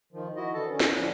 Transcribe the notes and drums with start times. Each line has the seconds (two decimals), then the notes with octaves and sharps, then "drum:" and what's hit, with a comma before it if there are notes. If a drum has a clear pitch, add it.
0.13 D#3 F3
0.36 E4 F#4 D#5
0.54 D3 E3 A4 A5
0.69 D3 C#4
0.80 drum: snare
0.96 A2 F3 D4